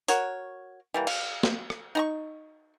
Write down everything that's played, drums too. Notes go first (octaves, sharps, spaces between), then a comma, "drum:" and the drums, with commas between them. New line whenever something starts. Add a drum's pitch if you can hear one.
F#4 A#4 C#5, drum: hi-hat
E3 G3 A#3
F5, drum: cymbal
drum: snare
drum: rim click
D#4 A#5 C#6